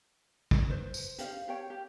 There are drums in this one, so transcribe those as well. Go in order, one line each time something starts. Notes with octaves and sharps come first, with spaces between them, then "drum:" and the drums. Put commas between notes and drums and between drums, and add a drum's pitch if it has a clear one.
drum: kick
B4 C5
drum: tambourine
G4 C5 F5, drum: hi-hat
G4 C#5 G5
G4